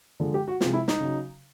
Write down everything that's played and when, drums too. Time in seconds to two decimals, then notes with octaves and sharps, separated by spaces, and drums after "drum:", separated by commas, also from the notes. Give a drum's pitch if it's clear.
0.20 D3 F3 G#3
0.34 G4
0.48 F#4
0.61 C3 F3 G#3 F4, drum: snare
0.73 E4
0.88 D#4, drum: snare
1.00 C#3 F#3